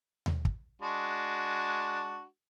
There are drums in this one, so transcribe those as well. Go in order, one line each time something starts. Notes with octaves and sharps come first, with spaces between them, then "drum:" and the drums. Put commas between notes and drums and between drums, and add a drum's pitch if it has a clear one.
drum: tom D#2
drum: kick
G#3 D4 F#4